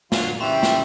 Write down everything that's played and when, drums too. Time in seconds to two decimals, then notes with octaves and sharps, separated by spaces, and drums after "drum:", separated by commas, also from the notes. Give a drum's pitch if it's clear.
0.12 D3 F#3 F4, drum: snare
0.40 C#3 E3 G3 C#4 C5 E5 G5
0.63 drum: snare